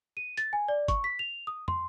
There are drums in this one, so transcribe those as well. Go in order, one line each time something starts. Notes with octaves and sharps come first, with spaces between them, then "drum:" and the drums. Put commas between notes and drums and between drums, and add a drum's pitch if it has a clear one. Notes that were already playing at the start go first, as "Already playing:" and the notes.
D#7
A6, drum: hi-hat
G#5
D5
C#6, drum: kick, hi-hat
B6
F7
D#6
C6, drum: tom